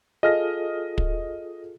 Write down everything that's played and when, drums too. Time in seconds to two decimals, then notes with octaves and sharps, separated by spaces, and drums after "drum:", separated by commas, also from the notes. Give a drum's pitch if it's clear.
0.23 F4 G#4 A4 D#5 F6 A#6
0.98 drum: kick